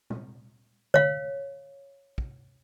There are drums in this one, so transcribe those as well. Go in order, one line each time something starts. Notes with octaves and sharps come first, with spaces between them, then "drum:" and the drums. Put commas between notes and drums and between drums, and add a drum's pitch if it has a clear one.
drum: tom A#2
C#5 F5, drum: tom D3
drum: kick